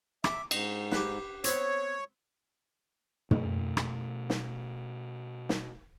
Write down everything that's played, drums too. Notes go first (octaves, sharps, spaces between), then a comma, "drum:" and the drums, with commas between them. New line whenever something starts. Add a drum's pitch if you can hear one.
E5 D6, drum: rim click
G#2 D#5, drum: cymbal
G4 B4, drum: snare
B3 C4 C#5, drum: hi-hat
B2 A3, drum: tom
drum: rim click
drum: snare
drum: snare